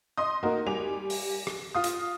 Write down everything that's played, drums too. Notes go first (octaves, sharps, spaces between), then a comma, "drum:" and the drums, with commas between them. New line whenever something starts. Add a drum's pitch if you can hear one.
D#5 C6 D#6
A#3 D#4 F#4 A#4
G3 G#5 D6 F7
drum: open hi-hat
drum: rim click
F4 F5 D#6
drum: hi-hat